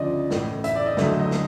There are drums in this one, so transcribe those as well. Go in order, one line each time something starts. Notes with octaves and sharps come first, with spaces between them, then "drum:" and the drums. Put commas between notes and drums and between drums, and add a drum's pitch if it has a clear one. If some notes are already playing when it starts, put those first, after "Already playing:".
Already playing: D2 C#3 F3 D5 D#5
A1 A2 E3, drum: snare
E5, drum: hi-hat
D5
D#5
D2 D3 F#3 A3 E5, drum: snare
D#5
drum: snare